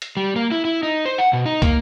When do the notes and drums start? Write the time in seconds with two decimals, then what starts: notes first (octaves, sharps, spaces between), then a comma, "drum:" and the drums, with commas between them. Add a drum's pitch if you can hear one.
0.02 drum: hi-hat
0.17 G3
0.36 A#3
0.52 E4
0.65 E4
0.83 D#4
1.05 C5
1.18 F#5
1.33 B2
1.46 D#4
1.62 A#3, drum: kick, hi-hat